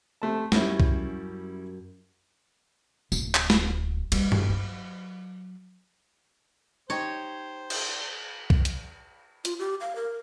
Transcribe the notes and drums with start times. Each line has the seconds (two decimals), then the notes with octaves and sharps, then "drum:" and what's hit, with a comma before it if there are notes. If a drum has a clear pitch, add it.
0.22 C3 A3 A5
0.52 F#2 G3 C#4 E4, drum: snare
0.80 drum: kick C2
3.12 D1, drum: tambourine
3.35 drum: clap
3.50 drum: snare
4.12 G3, drum: cymbal
4.32 drum: tom G2
4.49 F#3
6.90 D#4 G4 C5 C#5
7.70 drum: cymbal
8.50 drum: kick C2
8.65 drum: hi-hat
9.45 F4, drum: hi-hat
9.59 G4
9.81 F5
9.96 A#4